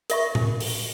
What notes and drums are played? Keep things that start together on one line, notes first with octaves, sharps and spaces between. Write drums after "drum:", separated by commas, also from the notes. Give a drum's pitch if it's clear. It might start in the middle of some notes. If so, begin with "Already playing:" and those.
A#4 E5 C#6, drum: hi-hat
drum: tom A2
drum: open hi-hat